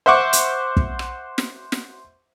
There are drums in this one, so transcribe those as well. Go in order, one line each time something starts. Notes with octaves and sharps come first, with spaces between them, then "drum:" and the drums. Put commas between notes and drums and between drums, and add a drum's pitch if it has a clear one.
C5 E5 F#5 C#6 D6
drum: hi-hat
drum: kick
drum: rim click
drum: snare
drum: snare